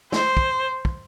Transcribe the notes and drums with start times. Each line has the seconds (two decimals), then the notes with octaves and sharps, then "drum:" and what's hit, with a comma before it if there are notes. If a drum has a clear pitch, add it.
0.12 C5, drum: snare
0.37 drum: kick
0.85 drum: kick